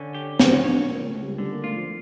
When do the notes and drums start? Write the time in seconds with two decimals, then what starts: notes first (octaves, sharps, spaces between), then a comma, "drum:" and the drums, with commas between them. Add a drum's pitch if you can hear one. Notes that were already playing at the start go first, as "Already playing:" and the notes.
Already playing: D3 C#4
0.14 G4
0.39 F3 A#3, drum: snare
0.52 C#4
0.64 D4 C#5
0.76 C#4
0.89 C#2 A#3
1.06 A3
1.14 C#2
1.22 G3
1.38 D3 G3
1.52 A#3
1.64 A3 F4
1.76 F3